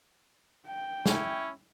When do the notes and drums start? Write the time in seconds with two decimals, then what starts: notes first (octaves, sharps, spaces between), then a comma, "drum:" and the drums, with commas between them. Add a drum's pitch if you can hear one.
0.67 G5
1.06 C#4 E4, drum: snare